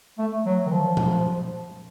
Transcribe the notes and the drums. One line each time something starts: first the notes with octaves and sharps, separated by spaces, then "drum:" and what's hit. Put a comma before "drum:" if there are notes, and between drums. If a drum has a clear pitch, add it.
A3
F#3
D#3
F3
drum: tom A#2